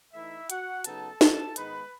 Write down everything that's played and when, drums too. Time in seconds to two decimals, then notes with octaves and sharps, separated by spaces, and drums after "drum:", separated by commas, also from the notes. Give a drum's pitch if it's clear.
0.14 E3 A3 D#4 E4 E5
0.50 F#4 F#5, drum: hi-hat
0.84 C#3 F#3 B3 D#4 A4 A5, drum: hi-hat
1.21 A4 A5, drum: snare
1.56 G#2 D#3 G#3 B3 D#4 B4 B5, drum: hi-hat